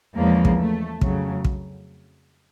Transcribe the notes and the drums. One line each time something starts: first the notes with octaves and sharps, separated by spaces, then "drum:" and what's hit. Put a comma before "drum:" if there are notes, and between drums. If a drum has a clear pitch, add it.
E2 C#3 F3 G#3 A#3
drum: kick
A3
F2 C#3 F#3 A3, drum: kick
drum: kick